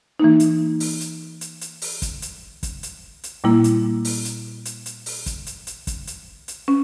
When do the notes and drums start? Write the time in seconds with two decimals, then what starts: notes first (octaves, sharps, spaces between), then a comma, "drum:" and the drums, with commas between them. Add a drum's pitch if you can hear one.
0.20 E3 A#3 D#4
0.40 drum: hi-hat
0.80 drum: open hi-hat
1.01 drum: hi-hat
1.41 drum: hi-hat
1.61 drum: hi-hat
1.82 drum: open hi-hat
2.02 drum: kick, hi-hat
2.22 drum: hi-hat
2.63 drum: kick, hi-hat
2.83 drum: hi-hat
3.24 drum: hi-hat
3.44 A#2 G3 A#3 E4
3.64 drum: hi-hat
4.05 drum: open hi-hat
4.25 drum: hi-hat
4.65 drum: hi-hat
4.86 drum: hi-hat
5.06 drum: open hi-hat
5.26 drum: kick, hi-hat
5.47 drum: hi-hat
5.67 drum: hi-hat
5.87 drum: kick, hi-hat
6.07 drum: hi-hat
6.48 drum: hi-hat
6.68 C#4